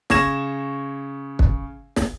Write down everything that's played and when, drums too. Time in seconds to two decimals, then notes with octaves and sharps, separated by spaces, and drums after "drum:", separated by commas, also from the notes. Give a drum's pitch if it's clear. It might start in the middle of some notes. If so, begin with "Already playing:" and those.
0.10 C#3 C#6 G#6 A#6 E7, drum: snare
1.39 drum: kick
1.96 drum: snare